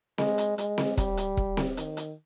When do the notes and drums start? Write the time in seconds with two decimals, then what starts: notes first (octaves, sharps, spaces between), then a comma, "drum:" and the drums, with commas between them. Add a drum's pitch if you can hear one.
0.18 G#3, drum: snare C4
0.38 drum: hi-hat
0.58 G#3, drum: hi-hat
0.78 drum: snare C4
0.97 G3, drum: kick E1, hi-hat
1.17 drum: hi-hat
1.37 drum: kick E1
1.57 drum: snare C4
1.77 D#3, drum: hi-hat
1.97 drum: hi-hat